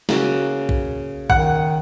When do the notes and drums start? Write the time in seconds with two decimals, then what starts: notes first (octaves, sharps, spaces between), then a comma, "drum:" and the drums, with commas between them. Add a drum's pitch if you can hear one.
0.09 C#3 A#3 F#4, drum: snare
0.69 drum: kick A#1
1.30 D#3 F#5, drum: kick A#1